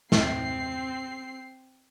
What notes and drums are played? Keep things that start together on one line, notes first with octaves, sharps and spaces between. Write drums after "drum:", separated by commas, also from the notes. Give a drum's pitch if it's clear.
C4 C7, drum: snare